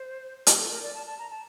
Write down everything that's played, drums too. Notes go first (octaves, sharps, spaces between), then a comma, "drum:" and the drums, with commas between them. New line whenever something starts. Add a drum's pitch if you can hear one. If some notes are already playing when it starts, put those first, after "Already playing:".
Already playing: C5
G4, drum: hi-hat
A4
A#4
D5
A5
A5
A#5
A5